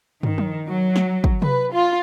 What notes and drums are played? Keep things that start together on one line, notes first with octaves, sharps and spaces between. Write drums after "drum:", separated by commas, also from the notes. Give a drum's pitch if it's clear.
D#3, drum: tom
drum: tom F3
F#3
drum: snare
drum: kick
B4, drum: tom C3
F4